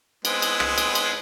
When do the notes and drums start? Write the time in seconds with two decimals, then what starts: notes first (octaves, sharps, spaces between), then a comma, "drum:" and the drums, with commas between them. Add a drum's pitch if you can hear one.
0.25 G#3 B3 C4, drum: cymbal
0.42 drum: cymbal
0.60 drum: rim click
0.78 drum: cymbal
0.95 drum: cymbal